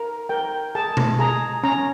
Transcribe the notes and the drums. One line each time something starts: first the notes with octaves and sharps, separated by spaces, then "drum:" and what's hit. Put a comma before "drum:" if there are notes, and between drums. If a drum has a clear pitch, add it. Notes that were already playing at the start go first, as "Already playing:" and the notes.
Already playing: A#4
A#4 G5
G#4 A5
drum: tom B2
G#4 A#5
C#4 A#5